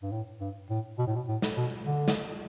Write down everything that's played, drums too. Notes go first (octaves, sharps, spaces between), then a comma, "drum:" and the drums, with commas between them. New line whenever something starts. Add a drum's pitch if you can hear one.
G2
A2
G2
A2
B2
A2
B2
A2
drum: snare
B2
D3
drum: snare